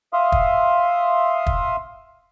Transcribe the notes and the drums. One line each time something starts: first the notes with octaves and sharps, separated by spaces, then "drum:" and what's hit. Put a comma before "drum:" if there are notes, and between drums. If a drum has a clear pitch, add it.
E5 F5 C6 D#6
drum: kick
drum: kick